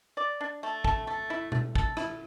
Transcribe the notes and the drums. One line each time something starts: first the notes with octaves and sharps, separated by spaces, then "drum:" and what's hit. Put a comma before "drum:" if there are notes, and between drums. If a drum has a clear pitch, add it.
D5
D4
A3
A4, drum: kick
A3
E4
A3, drum: tom B2
A4, drum: kick
E4, drum: rim click